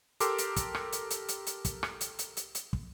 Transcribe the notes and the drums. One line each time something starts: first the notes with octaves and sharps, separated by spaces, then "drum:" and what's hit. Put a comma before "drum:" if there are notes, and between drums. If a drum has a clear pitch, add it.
G4 A4 A#4 C6 D6 E6, drum: hi-hat
drum: hi-hat
drum: kick, hi-hat
drum: rim click
drum: hi-hat
drum: hi-hat
drum: hi-hat
drum: hi-hat
drum: kick, hi-hat
drum: rim click
drum: hi-hat
drum: hi-hat
drum: hi-hat
drum: hi-hat
drum: kick